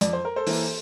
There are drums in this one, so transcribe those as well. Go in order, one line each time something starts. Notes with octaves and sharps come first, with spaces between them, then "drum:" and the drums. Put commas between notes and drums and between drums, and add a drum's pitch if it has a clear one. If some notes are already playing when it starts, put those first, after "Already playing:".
F2 D5, drum: hi-hat
C5
A#4
A4 C5
E3 A#3, drum: open hi-hat